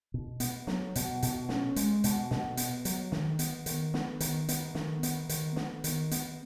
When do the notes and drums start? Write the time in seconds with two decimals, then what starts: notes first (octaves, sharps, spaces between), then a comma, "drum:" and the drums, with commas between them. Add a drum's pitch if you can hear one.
0.14 B2
0.40 B3, drum: hi-hat
0.67 F#3, drum: snare
0.95 B2, drum: hi-hat
1.22 B2, drum: hi-hat
1.49 C#4, drum: snare
1.76 G#3, drum: hi-hat
2.04 B2, drum: hi-hat
2.31 B2, drum: snare
2.57 B3, drum: hi-hat
2.85 F#3, drum: hi-hat
3.12 D#3, drum: snare
3.39 B3, drum: hi-hat
3.66 D#3, drum: hi-hat
3.94 B3, drum: snare
4.20 D#3, drum: hi-hat
4.49 B3, drum: hi-hat
4.75 D#3, drum: snare
5.03 B3, drum: hi-hat
5.29 D#3, drum: hi-hat
5.56 B3, drum: snare
5.84 D#3, drum: hi-hat
6.11 B3, drum: hi-hat